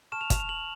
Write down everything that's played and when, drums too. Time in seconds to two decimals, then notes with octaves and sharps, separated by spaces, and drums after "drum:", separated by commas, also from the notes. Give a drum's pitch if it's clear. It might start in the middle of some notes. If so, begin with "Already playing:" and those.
0.12 A5 C#6 F6 E7
0.21 F7
0.30 E7, drum: kick, hi-hat
0.40 F7
0.49 F#7